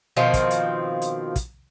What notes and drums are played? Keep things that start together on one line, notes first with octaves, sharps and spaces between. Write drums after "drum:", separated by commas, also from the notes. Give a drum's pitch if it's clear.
B2 D#3 F3 C4
drum: kick, hi-hat
drum: hi-hat
drum: hi-hat
drum: kick, hi-hat